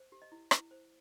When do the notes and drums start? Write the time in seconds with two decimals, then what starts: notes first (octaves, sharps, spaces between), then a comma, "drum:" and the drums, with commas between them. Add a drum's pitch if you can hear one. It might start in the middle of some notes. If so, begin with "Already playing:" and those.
Already playing: C5
0.12 G4
0.22 D#5
0.32 E4
0.51 E4, drum: rim click
0.71 C5